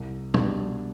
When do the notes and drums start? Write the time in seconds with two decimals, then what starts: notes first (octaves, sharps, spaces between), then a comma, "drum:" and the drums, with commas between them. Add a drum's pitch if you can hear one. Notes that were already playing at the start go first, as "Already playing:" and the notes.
Already playing: C2
0.34 B2 G3 D4, drum: tom